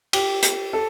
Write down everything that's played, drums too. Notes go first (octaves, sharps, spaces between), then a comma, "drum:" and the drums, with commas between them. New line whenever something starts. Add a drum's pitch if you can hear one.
G4, drum: cymbal
drum: hi-hat
A4